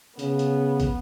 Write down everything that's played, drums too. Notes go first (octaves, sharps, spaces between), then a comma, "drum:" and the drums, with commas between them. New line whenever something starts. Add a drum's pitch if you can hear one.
C#3 B3, drum: hi-hat
drum: hi-hat
drum: kick, hi-hat